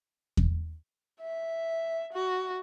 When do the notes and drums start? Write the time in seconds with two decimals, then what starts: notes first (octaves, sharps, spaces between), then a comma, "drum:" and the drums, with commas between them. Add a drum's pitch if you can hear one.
0.37 drum: kick E2
1.20 E5
2.13 F#4